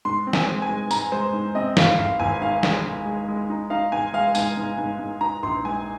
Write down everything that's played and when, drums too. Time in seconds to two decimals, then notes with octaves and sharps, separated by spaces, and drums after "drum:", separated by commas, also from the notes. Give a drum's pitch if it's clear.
0.05 G#2 C6
0.27 C4
0.33 G#5, drum: snare
0.47 G#3
0.62 G#5
0.69 G#3
0.91 G#2 A#5, drum: tambourine
1.12 G#3 C5
1.33 G#2
1.55 C4 D#5
1.77 G#1 F5, drum: snare
1.98 G#1 F5
2.20 G#1 G#5
2.42 G#2 F5
2.63 G#3 G#5, drum: snare
2.85 G#2
3.06 G#3
3.28 G#3
3.50 D#4
3.70 D#4 F5
3.92 G#2 G#5
4.13 G#3 F5
4.35 G#2 G#5, drum: tambourine
4.57 G#2
4.78 G#2
4.99 G#2
5.21 D#4 A#5
5.43 A#1 C6
5.64 G#3 G#5